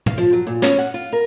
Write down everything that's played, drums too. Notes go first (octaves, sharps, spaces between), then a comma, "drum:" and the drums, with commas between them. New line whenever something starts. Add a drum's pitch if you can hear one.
F5, drum: tom
F3
F#3
A#2
C#4, drum: snare
F#5
F4
A#4